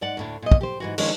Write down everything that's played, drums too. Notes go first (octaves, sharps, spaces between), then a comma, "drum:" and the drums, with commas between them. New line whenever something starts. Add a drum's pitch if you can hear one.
G#2 D5 F#5
D2 A2 D4
A#2 D#5
drum: kick
G4 C5
G#2 E3 F#4
D#3 F3 G#3 C#4 D4 C#5, drum: cymbal